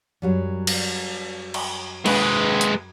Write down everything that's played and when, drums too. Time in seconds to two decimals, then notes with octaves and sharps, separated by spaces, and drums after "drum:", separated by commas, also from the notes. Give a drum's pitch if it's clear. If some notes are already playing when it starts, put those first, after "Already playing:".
0.22 F#2 F#3 G3
0.67 drum: cymbal
1.54 drum: cymbal
2.06 G#3 B4, drum: cymbal
2.61 drum: hi-hat